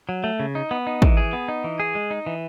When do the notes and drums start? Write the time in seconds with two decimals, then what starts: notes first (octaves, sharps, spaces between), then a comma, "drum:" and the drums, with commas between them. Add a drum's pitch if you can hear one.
0.09 F#3
0.24 A3
0.40 C#3
0.55 D#4
0.71 B3
0.87 D#4
1.02 E3, drum: kick
1.17 G#4
1.33 B3
1.48 D#4
1.64 E3
1.80 G#4
1.95 G#3
2.11 D#4
2.27 E3